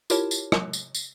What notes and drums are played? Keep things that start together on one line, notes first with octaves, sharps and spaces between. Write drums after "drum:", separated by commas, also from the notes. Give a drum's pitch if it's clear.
E4 F4 G4 A#4 C#5 A5, drum: tambourine
drum: tambourine
drum: rim click
drum: tambourine
drum: tambourine